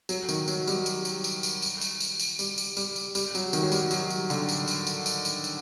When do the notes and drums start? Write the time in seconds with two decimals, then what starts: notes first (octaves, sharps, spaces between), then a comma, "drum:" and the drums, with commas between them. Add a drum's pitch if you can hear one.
0.09 F#3, drum: tambourine
0.29 D#3, drum: tambourine
0.48 F#3, drum: tambourine
0.67 G3, drum: tambourine
0.86 drum: tambourine
1.05 drum: tambourine
1.24 drum: tambourine
1.43 drum: tambourine
1.62 drum: tambourine
1.81 drum: tambourine
2.00 drum: tambourine
2.20 drum: tambourine
2.39 G3, drum: tambourine
2.58 drum: tambourine
2.77 G3, drum: tambourine
2.96 drum: tambourine
3.15 G3, drum: tambourine
3.35 F#3, drum: tambourine
3.53 D#3, drum: tambourine
3.63 F#3
3.72 G3, drum: tambourine
3.91 F#3, drum: tambourine
4.10 drum: tambourine
4.30 D3, drum: tambourine
4.49 drum: tambourine
4.68 drum: tambourine
4.87 drum: tambourine
5.06 drum: tambourine
5.25 drum: tambourine
5.44 drum: tambourine